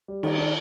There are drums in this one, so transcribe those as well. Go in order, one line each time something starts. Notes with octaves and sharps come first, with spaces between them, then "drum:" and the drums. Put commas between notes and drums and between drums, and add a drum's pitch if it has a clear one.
G3
D#3, drum: cymbal
D4